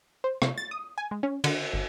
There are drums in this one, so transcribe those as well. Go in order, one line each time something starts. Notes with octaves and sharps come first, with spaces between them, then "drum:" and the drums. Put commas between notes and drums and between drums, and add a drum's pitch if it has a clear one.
C5
C3, drum: rim click
A6
D#6
G#5
G#3
C#4
D3, drum: cymbal
G1